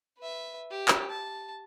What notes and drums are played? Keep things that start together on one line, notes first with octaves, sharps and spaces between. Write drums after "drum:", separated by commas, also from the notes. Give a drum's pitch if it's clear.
B4 E5
G4
drum: clap
A5